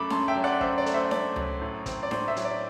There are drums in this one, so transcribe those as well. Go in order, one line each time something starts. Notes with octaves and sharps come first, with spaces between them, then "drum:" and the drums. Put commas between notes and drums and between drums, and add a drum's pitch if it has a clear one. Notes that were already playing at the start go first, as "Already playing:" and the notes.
Already playing: F#2 A3 A5 B5 D6
F#2 A5 C6, drum: snare D4
E5 G5
F#3
D5 F#5
F#2 C5 E5, drum: kick
D5
A3, drum: hi-hat
C5 E5
F#2 D5, drum: snare D4
F#3, drum: tom C#2
A2
C4, drum: kick, hi-hat
D5
A2 C5, drum: snare D4
C5 E5
F#3, drum: hi-hat
D5